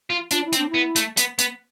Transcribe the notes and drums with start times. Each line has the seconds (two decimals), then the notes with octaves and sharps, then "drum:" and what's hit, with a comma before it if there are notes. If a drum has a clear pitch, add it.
0.10 F4
0.31 D4 F4, drum: hi-hat
0.45 E4
0.53 C4, drum: hi-hat
0.57 D4
0.70 B3 E4
0.96 A3, drum: hi-hat
1.17 B3, drum: hi-hat
1.39 B3, drum: hi-hat